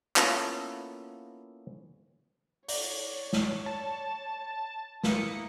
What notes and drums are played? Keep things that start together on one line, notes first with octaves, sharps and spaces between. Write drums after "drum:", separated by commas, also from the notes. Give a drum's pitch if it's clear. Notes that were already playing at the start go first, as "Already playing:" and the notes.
A#3 B3 C#4 E4 F4 A4, drum: clap
C#5 D5, drum: open hi-hat
drum: snare
A5
A#3 E4 D#6 C#7, drum: snare